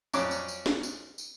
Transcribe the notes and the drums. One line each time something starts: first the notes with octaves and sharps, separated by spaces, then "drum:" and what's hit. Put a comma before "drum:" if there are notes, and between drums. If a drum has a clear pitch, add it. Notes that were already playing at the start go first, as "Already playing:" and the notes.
F2 F#3 C#4 C#5 D5 D6, drum: tambourine
drum: tambourine
drum: tambourine
drum: snare
drum: tambourine
drum: tambourine